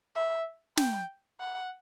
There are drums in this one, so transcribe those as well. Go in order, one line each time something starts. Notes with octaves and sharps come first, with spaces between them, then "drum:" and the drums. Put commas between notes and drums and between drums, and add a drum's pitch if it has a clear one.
E5
G5, drum: snare
F#5